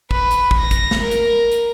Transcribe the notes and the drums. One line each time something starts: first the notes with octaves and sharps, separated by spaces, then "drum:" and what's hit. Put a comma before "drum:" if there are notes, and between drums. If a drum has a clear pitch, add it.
B4, drum: kick
drum: hi-hat
drum: kick
A#6
drum: kick, hi-hat
drum: snare
A#4
drum: hi-hat
drum: hi-hat